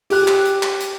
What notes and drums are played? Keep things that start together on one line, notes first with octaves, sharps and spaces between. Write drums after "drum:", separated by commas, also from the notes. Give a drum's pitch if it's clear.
G4 F#6, drum: open hi-hat
drum: clap
drum: hi-hat
drum: clap
drum: hi-hat